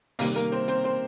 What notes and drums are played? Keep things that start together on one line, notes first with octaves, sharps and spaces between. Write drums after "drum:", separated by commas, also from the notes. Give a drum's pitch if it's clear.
C3 D#3 G3 A#3 A#4, drum: open hi-hat
A#3 A#4
C4 C5
C4 C5, drum: hi-hat
C4 C5